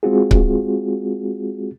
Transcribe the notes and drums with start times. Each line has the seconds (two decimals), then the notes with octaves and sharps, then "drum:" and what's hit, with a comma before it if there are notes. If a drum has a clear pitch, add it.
0.03 G#3 C4 F4 F#4 G#4
0.31 drum: kick C#1